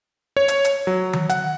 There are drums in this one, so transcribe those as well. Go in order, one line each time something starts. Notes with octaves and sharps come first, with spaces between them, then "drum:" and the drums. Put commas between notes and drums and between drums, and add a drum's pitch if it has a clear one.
C#5
drum: hi-hat
drum: hi-hat
F#3
drum: tom D#3
F#5, drum: hi-hat